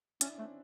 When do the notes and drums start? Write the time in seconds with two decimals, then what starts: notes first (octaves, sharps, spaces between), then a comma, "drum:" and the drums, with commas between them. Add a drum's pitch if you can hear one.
0.21 C#4 D4 E4, drum: hi-hat
0.34 C#4
0.38 A3 C4 D4